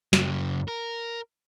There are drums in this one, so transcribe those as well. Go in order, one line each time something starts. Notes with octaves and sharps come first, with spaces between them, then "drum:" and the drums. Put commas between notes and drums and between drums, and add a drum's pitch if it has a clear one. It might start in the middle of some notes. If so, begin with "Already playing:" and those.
F#2 C#3, drum: snare
A#4